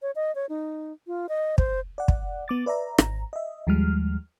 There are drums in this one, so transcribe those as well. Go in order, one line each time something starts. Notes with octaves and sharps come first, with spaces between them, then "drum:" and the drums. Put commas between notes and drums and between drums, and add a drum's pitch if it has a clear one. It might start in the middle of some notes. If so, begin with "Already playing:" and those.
C#5
D#5
C#5
D#4
F4
D#5
C5, drum: kick
D5 F#5
drum: kick
B3 D6 A6
B4 D5 E5 A#5
G#1 A#5, drum: rim click
D#5 E5
D#2 F3 G3 G#3 F6